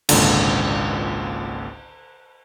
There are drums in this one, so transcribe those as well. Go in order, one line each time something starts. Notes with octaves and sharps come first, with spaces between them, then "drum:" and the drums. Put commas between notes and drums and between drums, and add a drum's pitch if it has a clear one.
G#1 C#2 A#2 D3, drum: cymbal